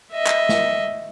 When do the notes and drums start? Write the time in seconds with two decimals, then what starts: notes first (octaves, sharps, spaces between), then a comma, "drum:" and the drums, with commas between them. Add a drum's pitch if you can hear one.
0.12 D#5 E5
0.26 drum: clap
0.49 drum: snare